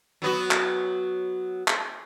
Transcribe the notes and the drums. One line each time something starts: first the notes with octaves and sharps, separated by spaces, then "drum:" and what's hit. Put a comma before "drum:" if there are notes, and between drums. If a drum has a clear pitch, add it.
F#3 B3 F#4
drum: clap
drum: clap